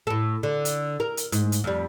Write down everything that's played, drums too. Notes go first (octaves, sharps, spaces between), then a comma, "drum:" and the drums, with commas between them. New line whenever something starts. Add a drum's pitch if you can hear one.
A2 A4
D3
drum: hi-hat
A#4
drum: hi-hat
G#2, drum: hi-hat
drum: hi-hat
F2 G3